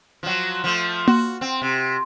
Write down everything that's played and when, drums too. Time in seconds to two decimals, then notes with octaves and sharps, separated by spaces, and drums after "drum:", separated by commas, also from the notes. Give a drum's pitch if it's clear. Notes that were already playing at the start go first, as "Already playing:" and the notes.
0.23 F3 F#3
0.64 F3 A3
1.07 F#4, drum: tom A#3
1.41 C4
1.62 C3